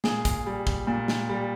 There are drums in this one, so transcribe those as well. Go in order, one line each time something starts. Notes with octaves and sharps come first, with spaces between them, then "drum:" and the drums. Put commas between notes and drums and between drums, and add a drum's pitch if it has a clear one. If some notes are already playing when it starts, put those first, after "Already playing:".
A#2 G#4, drum: snare
drum: kick, hi-hat
G3
drum: kick
A#2
drum: snare
G3